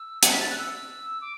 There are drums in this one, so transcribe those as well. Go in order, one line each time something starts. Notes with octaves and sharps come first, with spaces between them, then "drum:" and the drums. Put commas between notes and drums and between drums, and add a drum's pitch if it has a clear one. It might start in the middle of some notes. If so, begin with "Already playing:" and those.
Already playing: E6
C#7, drum: hi-hat
B6
A6
F#6
E6
D6